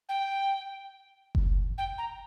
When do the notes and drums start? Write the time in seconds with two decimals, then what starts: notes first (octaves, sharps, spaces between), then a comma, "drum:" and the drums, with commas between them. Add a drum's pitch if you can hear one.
0.09 G5
1.35 drum: kick F#1
1.78 G5
1.98 A#5